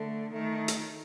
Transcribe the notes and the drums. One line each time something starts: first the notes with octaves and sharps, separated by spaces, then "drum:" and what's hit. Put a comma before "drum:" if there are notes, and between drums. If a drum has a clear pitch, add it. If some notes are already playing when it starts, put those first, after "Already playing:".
Already playing: D3 A3
D#3 A3
drum: hi-hat